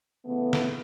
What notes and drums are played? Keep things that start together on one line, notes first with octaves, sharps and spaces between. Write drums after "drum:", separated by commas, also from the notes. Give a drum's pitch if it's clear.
C#3 E3 A3 B3
drum: snare